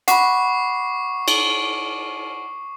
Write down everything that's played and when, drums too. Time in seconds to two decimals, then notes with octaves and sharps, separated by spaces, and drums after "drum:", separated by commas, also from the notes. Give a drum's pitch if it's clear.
0.08 F#5 B5 C#6 D6 C7, drum: hi-hat
1.28 drum: cymbal